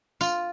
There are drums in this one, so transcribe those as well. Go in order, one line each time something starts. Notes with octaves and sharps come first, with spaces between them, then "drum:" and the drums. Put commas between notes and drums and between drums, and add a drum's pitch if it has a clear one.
F4, drum: tambourine